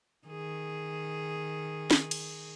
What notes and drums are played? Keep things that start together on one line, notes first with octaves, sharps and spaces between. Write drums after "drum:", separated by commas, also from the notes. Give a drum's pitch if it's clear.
D#3 G#4
drum: snare
drum: cymbal